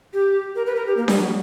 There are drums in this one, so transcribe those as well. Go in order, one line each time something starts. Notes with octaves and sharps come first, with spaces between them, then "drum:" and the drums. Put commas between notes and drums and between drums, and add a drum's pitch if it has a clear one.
G4
A#4
B4
A#4
G4
A#3
G3, drum: snare D4
F#3